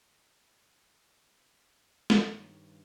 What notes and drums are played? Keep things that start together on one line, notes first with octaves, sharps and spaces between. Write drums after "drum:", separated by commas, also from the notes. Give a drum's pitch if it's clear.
G2 D#3 G4 C#5, drum: snare